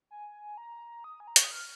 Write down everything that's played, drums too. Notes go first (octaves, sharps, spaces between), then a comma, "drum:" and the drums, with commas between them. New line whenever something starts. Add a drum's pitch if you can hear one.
G#5
A#5
D#6
G#5
A#5
C#6, drum: hi-hat
D#6
F6